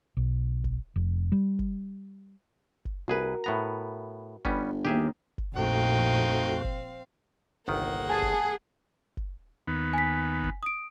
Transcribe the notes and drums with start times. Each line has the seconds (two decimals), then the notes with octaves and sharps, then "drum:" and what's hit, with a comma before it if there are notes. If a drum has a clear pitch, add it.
0.17 B1
0.64 drum: kick F#1
0.96 F1
1.32 G3
1.59 drum: kick F#1
2.85 drum: kick F#1
3.08 C2 F#4 G#4 A#4 B4
3.44 A2 B3 A#5
4.45 G1 G3 B3 C#4, drum: kick F#1
4.85 D#2 G#2 D#3 G4 G#4 E5
5.38 drum: kick F#1
5.56 A#1 F2 A3 C4 D#4 F#4 F5 G5
6.64 drum: kick F#1
7.68 G1 C2 D#3 A#3 F#5
8.09 G#4 G#5 A5
8.22 drum: kick F#1
9.17 drum: kick F#1
9.67 D#2 B3
9.93 G#5 B6
10.43 drum: kick F#1
10.63 D#6 D7